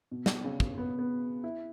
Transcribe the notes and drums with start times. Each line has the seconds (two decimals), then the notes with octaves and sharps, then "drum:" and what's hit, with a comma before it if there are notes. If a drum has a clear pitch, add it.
0.11 B2
0.26 drum: snare
0.44 C#3
0.60 drum: kick
0.78 B3
0.99 B3
1.44 E4